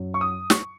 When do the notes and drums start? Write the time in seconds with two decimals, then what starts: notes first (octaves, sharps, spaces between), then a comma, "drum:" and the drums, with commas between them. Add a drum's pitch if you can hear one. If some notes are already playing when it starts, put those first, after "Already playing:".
Already playing: F#2 F#3
0.14 C#6
0.21 D#6
0.50 C#6, drum: snare